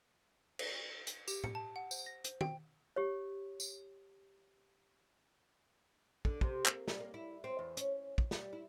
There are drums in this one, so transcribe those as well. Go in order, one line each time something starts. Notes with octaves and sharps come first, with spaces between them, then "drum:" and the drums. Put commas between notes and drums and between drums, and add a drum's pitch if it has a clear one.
drum: cymbal
drum: hi-hat
G4, drum: tambourine
C#7, drum: tom A2
A5
F#5
C5, drum: tambourine
A#6
C5, drum: hi-hat
G5, drum: tom
G4 C#5
drum: tambourine
D3, drum: kick
C3, drum: kick
A#3, drum: clap
G3, drum: snare
A#3
E4
C4
E2
C#4, drum: hi-hat
drum: kick
G3, drum: snare
E4